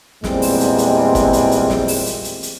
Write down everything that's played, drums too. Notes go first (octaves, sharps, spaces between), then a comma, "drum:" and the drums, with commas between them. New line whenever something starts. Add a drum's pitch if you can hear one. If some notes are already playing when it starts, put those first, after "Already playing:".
E2 A#2 G3 G#3 C4, drum: snare
drum: open hi-hat
drum: hi-hat
drum: hi-hat
drum: kick, hi-hat
drum: hi-hat
drum: hi-hat
drum: snare
drum: open hi-hat
drum: hi-hat
drum: hi-hat
drum: hi-hat